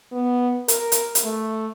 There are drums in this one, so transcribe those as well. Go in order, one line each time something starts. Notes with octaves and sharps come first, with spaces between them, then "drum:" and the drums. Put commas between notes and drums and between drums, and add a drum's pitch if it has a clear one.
B3
A#4, drum: hi-hat
drum: hi-hat
drum: hi-hat
A3